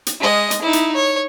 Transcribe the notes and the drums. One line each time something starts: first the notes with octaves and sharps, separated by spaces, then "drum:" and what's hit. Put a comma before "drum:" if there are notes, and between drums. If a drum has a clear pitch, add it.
drum: hi-hat
G#3 D#5
drum: hi-hat
D#4 E4
drum: hi-hat
C#5